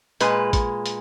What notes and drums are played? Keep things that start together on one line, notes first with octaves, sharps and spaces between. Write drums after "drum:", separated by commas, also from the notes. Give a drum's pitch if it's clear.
A#2 G#3 B4, drum: hi-hat
drum: kick A1, hi-hat
drum: hi-hat